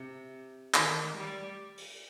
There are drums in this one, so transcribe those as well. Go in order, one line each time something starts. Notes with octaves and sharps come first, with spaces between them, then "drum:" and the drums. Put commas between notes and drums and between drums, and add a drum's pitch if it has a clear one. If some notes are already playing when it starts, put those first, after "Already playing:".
Already playing: C3
D#3, drum: clap
G3
drum: open hi-hat